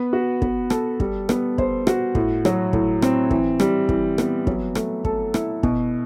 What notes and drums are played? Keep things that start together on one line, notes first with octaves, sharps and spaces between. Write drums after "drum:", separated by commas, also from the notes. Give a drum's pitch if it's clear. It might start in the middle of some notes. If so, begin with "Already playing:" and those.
Already playing: B3 B4
F#4
B3, drum: kick
A4, drum: rim click
G3, drum: kick
B3, drum: rim click
C5, drum: kick
F#4, drum: rim click
A2, drum: kick
F#3, drum: rim click
A2, drum: kick
C4, drum: rim click
E3, drum: kick
G3, drum: rim click
E3, drum: kick
B3, drum: rim click
F#3, drum: kick
A3, drum: rim click
A4, drum: kick
E4, drum: rim click
B2, drum: kick